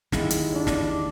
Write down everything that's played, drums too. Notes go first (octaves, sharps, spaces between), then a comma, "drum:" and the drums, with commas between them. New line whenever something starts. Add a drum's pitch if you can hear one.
D#2 G#3 E4, drum: snare
drum: hi-hat
D4
drum: snare